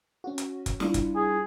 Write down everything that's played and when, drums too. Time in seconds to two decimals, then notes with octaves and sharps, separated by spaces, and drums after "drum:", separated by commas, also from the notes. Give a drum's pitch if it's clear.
0.24 C#4 F#4
0.38 drum: hi-hat
0.66 drum: kick, hi-hat
0.80 G3 D4 E4 F4, drum: snare
0.94 drum: kick, hi-hat
1.16 G#4